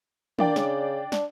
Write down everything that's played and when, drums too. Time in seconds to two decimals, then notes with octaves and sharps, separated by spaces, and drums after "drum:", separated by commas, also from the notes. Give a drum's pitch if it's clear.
0.39 A#3 D4 D5 G5, drum: tom
0.56 C#3, drum: snare
1.12 D4, drum: snare